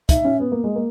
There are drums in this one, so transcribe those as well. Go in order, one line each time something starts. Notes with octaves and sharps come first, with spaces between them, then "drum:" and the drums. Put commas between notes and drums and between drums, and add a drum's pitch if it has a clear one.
D#4 E5, drum: kick, hi-hat
C#4
B3
A#3
G#3
A#3